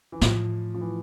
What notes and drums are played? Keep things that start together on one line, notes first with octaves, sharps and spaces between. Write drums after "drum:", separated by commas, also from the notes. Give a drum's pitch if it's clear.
E3
A2 F3, drum: snare
F3
E3